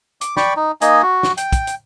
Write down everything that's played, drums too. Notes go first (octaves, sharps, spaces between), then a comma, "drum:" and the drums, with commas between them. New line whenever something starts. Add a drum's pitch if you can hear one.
D6, drum: hi-hat
D5 G5 B5 C#6, drum: snare
D#4
A#3 D#4 D#5 G#5, drum: hi-hat
F#4
drum: snare
G5, drum: hi-hat
drum: kick, hi-hat
drum: hi-hat